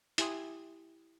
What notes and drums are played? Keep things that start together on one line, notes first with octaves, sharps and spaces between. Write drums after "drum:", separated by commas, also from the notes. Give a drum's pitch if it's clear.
E4 G4 G#5 C6 D#6, drum: hi-hat